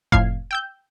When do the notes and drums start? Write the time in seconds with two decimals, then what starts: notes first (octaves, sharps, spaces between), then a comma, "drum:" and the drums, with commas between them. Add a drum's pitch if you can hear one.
0.12 F2 A2 F5 F6 G#6 C7, drum: kick F1
0.51 G5 E6 G6